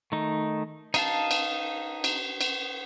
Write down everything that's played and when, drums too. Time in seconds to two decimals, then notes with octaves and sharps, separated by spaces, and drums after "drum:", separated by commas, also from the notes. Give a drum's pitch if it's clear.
0.12 D#3 A3 D#4
0.94 D#4 F5 A5, drum: cymbal
1.31 drum: cymbal
2.04 drum: cymbal
2.41 drum: cymbal